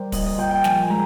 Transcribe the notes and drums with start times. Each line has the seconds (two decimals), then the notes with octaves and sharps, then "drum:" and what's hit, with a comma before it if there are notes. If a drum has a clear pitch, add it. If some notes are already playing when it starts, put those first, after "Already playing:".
Already playing: G3 A#4 C5
0.12 A#2 D#5, drum: kick, open hi-hat
0.26 D#5
0.38 A#2 G5
0.51 G5
0.64 F3 G#5, drum: snare
0.89 G#3 A#5